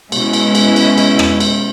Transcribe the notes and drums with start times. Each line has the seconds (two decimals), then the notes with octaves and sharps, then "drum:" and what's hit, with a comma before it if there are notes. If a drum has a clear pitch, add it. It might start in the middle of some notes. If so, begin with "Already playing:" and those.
0.12 B2 G#3 C#4 E4, drum: cymbal
0.33 drum: cymbal
0.55 drum: cymbal
0.76 drum: cymbal
0.98 drum: cymbal
1.19 drum: rim click
1.40 drum: cymbal